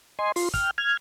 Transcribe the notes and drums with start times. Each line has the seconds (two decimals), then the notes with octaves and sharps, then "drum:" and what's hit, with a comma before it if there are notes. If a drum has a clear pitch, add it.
0.19 D#5 G#5 C6
0.36 F4 C6, drum: open hi-hat
0.54 G5 F6, drum: kick, hi-hat
0.78 F6 G#6